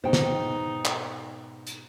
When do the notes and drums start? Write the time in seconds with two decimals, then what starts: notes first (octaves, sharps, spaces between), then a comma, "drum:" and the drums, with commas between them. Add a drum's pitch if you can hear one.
0.04 G#2 B2 D#4 C5 G5
0.13 drum: snare
0.85 drum: clap
1.67 drum: hi-hat